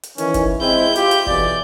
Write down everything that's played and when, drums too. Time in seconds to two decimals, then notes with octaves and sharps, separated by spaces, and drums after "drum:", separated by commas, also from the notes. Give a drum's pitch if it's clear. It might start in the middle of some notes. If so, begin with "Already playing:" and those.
0.03 drum: hi-hat
0.18 D#3 E3 C#4, drum: hi-hat
0.34 drum: kick, hi-hat
0.61 G#3 C4 E4 G6
0.96 F4 G4, drum: hi-hat
1.11 drum: hi-hat
1.27 B1 B2 E3 D5, drum: kick